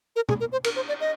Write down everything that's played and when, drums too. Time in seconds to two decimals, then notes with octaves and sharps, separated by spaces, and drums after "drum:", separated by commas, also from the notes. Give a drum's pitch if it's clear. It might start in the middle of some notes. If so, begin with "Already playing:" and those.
0.16 A#4
0.29 G#4, drum: tom
0.40 A#4
0.52 C5
0.64 A#4, drum: cymbal
0.76 C5
0.88 D5
1.00 D#5